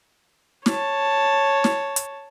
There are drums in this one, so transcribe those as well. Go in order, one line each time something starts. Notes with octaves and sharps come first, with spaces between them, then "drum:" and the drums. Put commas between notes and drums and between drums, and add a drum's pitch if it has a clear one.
C#5 A5, drum: snare
drum: snare
drum: hi-hat